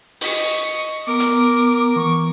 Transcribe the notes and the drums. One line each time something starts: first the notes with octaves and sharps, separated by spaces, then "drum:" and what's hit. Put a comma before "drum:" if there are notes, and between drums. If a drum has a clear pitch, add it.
D#5 C#6, drum: open hi-hat
B3 A#4 D6
drum: hi-hat
E3 C#6